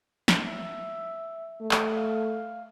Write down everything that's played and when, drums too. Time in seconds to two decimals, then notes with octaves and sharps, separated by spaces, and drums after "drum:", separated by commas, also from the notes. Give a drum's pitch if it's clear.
0.28 drum: snare
0.45 E5
1.61 A3
1.71 drum: clap
1.95 F5